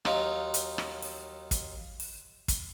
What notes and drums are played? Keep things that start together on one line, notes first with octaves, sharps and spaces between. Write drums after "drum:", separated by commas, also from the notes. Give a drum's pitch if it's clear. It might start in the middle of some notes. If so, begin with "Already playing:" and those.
D#2 F#3 D#4 F4, drum: rim click
drum: hi-hat
drum: rim click
drum: open hi-hat
drum: kick, hi-hat
drum: open hi-hat
drum: kick, hi-hat